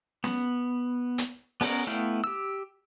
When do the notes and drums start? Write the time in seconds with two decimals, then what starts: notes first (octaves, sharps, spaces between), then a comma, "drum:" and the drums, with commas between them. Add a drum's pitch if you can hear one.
0.24 B3, drum: snare C#4
1.18 drum: hi-hat
1.61 B3 C#4 A#4, drum: open hi-hat
1.87 A3 B3 E4 F5 G5
2.24 G4 E6